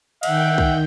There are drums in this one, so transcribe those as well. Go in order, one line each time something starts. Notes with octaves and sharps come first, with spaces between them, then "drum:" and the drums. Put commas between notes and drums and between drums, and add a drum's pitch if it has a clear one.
D#3 E5 F#5 G5 G6, drum: cymbal
drum: kick